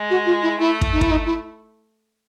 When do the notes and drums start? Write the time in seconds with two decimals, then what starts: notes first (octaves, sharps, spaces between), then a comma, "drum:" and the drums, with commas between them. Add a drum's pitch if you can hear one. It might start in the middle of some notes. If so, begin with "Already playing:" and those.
Already playing: G#3
0.10 F#4
0.26 F4
0.43 E4
0.59 A3 E4
0.81 drum: kick
0.93 D#4
1.01 E4, drum: kick
1.11 D#4
1.26 E4